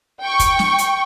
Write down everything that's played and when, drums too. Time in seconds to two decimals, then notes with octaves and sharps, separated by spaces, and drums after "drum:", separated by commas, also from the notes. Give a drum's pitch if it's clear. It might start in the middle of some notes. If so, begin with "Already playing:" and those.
0.20 G5 C#6
0.39 drum: kick, hi-hat
0.59 drum: snare
0.78 drum: hi-hat